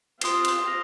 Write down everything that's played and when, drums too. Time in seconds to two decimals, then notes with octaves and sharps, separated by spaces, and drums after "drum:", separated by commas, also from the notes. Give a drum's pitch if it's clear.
0.21 C4 F4 C6 D#6 C7 G7, drum: cymbal
0.45 drum: cymbal
0.67 F6 A#6 F7